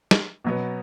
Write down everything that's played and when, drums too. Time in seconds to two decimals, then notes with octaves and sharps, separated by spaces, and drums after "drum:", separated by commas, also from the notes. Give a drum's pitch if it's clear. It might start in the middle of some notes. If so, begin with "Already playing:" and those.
0.11 drum: snare
0.44 B2 F#3 B3